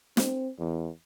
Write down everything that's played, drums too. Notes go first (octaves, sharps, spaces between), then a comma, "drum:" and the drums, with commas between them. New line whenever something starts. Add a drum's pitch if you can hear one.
C4, drum: snare
E2